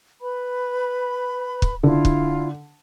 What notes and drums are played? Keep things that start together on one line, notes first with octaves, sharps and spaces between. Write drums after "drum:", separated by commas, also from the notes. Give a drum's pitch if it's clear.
B4 B5
drum: kick
D3 E4 F4
drum: kick